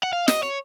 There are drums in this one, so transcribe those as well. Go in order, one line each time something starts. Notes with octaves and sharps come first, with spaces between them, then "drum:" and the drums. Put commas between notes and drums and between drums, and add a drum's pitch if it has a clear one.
F#5
F5
D#5, drum: snare
C#5